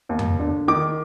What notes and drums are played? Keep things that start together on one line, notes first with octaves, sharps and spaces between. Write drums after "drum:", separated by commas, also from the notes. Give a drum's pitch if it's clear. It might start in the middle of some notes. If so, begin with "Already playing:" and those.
D#2
drum: tom F2
D3
D#3 D6